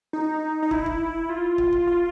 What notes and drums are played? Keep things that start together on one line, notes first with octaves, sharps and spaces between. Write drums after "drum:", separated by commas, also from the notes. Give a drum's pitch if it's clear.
D#4
D#4
E4, drum: kick
drum: kick
F4
drum: kick
drum: kick
F4